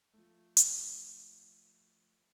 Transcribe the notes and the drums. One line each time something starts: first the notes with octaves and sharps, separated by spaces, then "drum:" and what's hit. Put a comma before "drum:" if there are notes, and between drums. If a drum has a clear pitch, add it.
F3 A3
drum: hi-hat